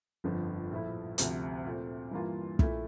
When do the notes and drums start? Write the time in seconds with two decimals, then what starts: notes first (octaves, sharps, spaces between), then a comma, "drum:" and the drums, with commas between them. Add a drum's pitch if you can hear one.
0.24 G1 F2 D3 F3
0.71 A#1 A2 F3 A3 E4
1.18 D2 C3 F3, drum: hi-hat
1.65 A#2 A3 C4
2.11 G2 E3 A#3 F4
2.59 A#2 A3 E4, drum: kick